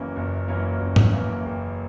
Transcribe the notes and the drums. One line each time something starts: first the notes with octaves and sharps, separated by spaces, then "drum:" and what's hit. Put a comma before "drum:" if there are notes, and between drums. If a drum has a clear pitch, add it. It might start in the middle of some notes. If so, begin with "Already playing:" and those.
Already playing: F#1 F#2 E3 A#3 C#4
F#1
F#2 E3 A#3 C#4
F#1
drum: tom G#2
F#2 E3 A#3 C#4
F#1